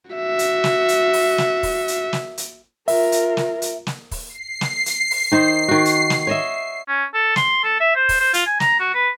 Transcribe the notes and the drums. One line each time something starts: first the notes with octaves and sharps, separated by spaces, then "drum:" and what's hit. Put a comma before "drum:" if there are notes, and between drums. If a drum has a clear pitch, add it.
F#4 E5
drum: hi-hat
drum: snare
drum: hi-hat
drum: open hi-hat
drum: snare
drum: kick, open hi-hat
drum: hi-hat
drum: snare
drum: hi-hat
F4 A#4 E5, drum: open hi-hat
drum: hi-hat
drum: snare
drum: hi-hat
drum: snare
drum: kick, open hi-hat
C7
drum: snare
drum: hi-hat
drum: open hi-hat
D#3 D#4 C5
D#3 F#4
drum: hi-hat
drum: snare
C#5 D#5 E5
C#4
A4
C6, drum: snare
A4
E5
C5
drum: kick, open hi-hat
C5
F4, drum: hi-hat
G#5
A#5, drum: snare
F#4
B4